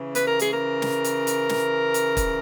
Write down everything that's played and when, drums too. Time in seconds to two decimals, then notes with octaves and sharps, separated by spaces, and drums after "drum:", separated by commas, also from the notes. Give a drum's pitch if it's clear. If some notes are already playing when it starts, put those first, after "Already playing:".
Already playing: C#3 E3
0.15 B4, drum: hi-hat
0.27 A#4
0.39 G#4, drum: hi-hat
0.52 A#4
0.82 drum: snare
1.04 drum: hi-hat
1.27 drum: hi-hat
1.49 drum: snare
1.94 drum: hi-hat
2.17 drum: kick, hi-hat